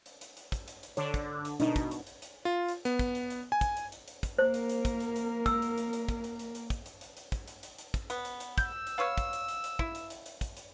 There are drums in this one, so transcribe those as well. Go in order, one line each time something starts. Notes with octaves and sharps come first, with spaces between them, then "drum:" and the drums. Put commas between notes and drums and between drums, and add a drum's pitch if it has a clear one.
drum: hi-hat
drum: hi-hat
drum: hi-hat
drum: kick, hi-hat
drum: hi-hat
drum: hi-hat
D3 D4 C#5, drum: hi-hat
drum: kick, hi-hat
drum: hi-hat
B2 D4 D#4, drum: hi-hat
drum: kick, hi-hat
drum: hi-hat
drum: hi-hat
drum: hi-hat
F4
drum: hi-hat
B3, drum: hi-hat
drum: kick, hi-hat
drum: hi-hat
drum: hi-hat
G#5
drum: kick, hi-hat
drum: hi-hat
drum: hi-hat
drum: hi-hat
drum: kick, hi-hat
A#3 A#4 C5
drum: hi-hat
drum: hi-hat
drum: kick, hi-hat
drum: hi-hat
drum: hi-hat
E6, drum: kick, hi-hat
drum: hi-hat
drum: hi-hat
drum: hi-hat
drum: kick, hi-hat
drum: hi-hat
drum: hi-hat
drum: hi-hat
drum: kick, hi-hat
drum: hi-hat
drum: hi-hat
drum: hi-hat
drum: kick, hi-hat
drum: hi-hat
drum: hi-hat
drum: hi-hat
drum: kick, hi-hat
B3, drum: hi-hat
drum: hi-hat
drum: hi-hat
E6 G6, drum: kick, hi-hat
drum: hi-hat
B3 B4 C#5 F5 F6
drum: kick, hi-hat
drum: hi-hat
drum: hi-hat
drum: hi-hat
E4, drum: kick
drum: hi-hat
drum: hi-hat
drum: hi-hat
drum: kick, hi-hat
drum: hi-hat